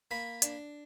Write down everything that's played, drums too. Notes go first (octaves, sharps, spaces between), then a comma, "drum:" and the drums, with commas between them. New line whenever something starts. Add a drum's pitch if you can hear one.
A#3 B5
D4, drum: hi-hat